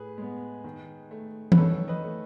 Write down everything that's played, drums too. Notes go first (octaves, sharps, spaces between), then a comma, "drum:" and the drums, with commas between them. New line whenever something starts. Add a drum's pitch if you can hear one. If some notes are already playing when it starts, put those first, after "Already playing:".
Already playing: A2 G#4 B4
G#3 B3
D#3
A3
B4, drum: tom
D#3 A4 C#5
B4 D#5
A3